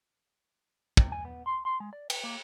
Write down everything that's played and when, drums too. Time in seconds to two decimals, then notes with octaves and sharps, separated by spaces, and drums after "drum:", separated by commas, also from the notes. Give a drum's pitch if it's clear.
0.97 C3, drum: kick
1.12 G#5
1.25 B3
1.46 C6
1.65 C6
1.80 G#3
1.93 D5
2.10 B4, drum: cymbal
2.24 A#3